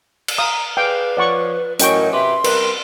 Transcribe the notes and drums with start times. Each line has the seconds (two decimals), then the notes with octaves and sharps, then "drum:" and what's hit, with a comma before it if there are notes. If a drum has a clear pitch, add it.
0.28 drum: cymbal
0.38 F5 A#5 D#6
0.77 G#4 B4 D5 F5 G5
1.17 F3 C#5 D5 F#5 C#6
1.80 A2 E3 F#3 C#4 A#4 D#5 G5 C#6, drum: hi-hat
2.13 C3 G4 B4 E5 C6
2.44 G3 C4 A#4 B4, drum: cymbal